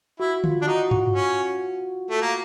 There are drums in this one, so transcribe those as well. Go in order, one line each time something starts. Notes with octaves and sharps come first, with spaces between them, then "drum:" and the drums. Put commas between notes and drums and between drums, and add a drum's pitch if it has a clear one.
E4 F#4
F4, drum: tom D3
D4
D#4 F#4
F#4, drum: tom G2
C#4
A3
A#3